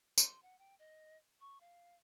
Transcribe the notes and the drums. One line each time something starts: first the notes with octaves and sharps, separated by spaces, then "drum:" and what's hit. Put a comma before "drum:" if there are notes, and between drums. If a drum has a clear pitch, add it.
C6, drum: tambourine
F#5
G5
D#5
C#6
F5